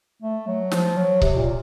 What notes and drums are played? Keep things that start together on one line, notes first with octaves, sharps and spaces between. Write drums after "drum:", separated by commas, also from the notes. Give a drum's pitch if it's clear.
A3
F#3
F3, drum: snare
F#3
C3, drum: kick C#1
A#2